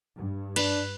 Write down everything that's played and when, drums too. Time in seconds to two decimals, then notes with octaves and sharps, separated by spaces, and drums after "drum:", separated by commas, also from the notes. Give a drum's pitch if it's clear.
0.17 G2
0.56 D4 B4, drum: cymbal